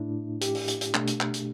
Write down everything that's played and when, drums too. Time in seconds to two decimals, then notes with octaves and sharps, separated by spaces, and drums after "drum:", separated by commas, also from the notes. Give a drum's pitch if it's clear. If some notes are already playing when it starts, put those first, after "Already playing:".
Already playing: A2 A3 D4 E4
0.41 G4, drum: hi-hat
0.55 drum: open hi-hat
0.68 drum: hi-hat
0.81 drum: hi-hat
0.94 B2 A3 D4, drum: clap
1.07 drum: hi-hat
1.20 drum: clap
1.34 drum: hi-hat